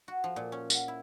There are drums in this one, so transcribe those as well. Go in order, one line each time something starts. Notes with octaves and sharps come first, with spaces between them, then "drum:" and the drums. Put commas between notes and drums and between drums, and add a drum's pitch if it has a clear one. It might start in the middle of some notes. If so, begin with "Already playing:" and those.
F#4
F3
A#2
C#4
F#5, drum: tambourine
E4